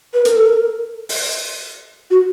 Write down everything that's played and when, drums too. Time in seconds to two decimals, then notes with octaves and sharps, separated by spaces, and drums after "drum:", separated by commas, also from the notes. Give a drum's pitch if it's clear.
0.14 B4
0.25 A#4, drum: hi-hat
0.36 A4
0.47 A#4
1.09 drum: open hi-hat
2.11 F#4